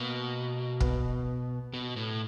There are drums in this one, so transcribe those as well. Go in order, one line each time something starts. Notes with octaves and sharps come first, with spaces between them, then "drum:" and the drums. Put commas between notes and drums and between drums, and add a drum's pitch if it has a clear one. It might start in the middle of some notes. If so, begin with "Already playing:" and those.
Already playing: B2 A#3
B3, drum: kick
B2
A2